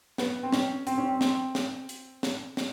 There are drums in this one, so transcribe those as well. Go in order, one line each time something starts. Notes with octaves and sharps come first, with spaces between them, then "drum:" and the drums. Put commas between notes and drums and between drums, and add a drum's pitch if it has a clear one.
B3, drum: snare
C4
C#4, drum: snare
C4, drum: hi-hat
C#4
C4
C4, drum: snare
drum: snare
drum: hi-hat
drum: snare
drum: snare